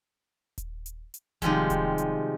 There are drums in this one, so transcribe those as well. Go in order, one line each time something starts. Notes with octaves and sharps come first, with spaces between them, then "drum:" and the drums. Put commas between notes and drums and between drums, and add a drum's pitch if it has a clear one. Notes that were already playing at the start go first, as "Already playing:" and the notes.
drum: kick D#1, hi-hat
drum: hi-hat
drum: hi-hat
C3 D#3 F3 G3 G#3, drum: kick D#1, hi-hat
drum: kick D#1, hi-hat
drum: hi-hat